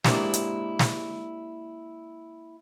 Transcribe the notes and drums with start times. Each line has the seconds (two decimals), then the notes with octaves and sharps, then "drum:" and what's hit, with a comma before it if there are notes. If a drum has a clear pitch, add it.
0.05 G#3 A#3 D4 E4 G4 C5, drum: snare
0.34 drum: hi-hat
0.79 drum: snare